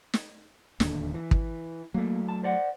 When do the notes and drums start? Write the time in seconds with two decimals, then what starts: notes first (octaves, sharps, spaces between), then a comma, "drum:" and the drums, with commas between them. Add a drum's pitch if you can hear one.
0.14 drum: snare
0.80 D1 D#2 D3, drum: snare
1.14 E3
1.31 drum: kick
1.94 F#3 A3 A#3
2.29 A5
2.43 C5 D5 F#5